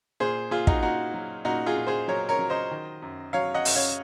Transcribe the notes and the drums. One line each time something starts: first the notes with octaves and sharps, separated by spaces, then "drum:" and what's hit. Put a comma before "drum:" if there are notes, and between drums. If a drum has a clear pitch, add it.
A#2 G#4 C5
A#2 F4 G#4
D#4 F#4, drum: kick
A#2 D#4 F#4
F#3
A#2 D#4 F#4
F4 G#4
A#2
G#4 C5
F#3 A#4 C#5
A#4 C#5
F#3
C5 D#5
D#3
F#2
F#3 C#5 F5
D#5 F#5
F#2, drum: open hi-hat
C#5 F5